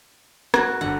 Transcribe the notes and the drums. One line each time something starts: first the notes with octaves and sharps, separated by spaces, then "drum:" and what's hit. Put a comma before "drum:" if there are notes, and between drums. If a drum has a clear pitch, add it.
F#4, drum: rim click
G1 D3 F#5